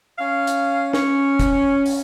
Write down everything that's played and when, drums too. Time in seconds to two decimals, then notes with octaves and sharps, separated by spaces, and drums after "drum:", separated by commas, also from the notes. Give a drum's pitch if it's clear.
0.19 C#4 F5
0.47 drum: hi-hat
0.93 C#4, drum: snare
1.40 drum: kick, hi-hat
1.86 drum: open hi-hat